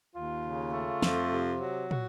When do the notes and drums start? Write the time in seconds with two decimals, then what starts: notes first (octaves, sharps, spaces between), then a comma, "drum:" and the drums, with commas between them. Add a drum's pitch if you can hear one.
0.14 D#2 F4
0.44 C#3
0.73 A3
1.02 F2, drum: snare
1.32 C3
1.61 F#3
1.91 F#4, drum: tom